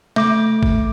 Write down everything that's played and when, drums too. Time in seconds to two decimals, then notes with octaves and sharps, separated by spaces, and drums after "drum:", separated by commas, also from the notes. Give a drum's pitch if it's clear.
0.16 A3 D6, drum: snare
0.62 drum: kick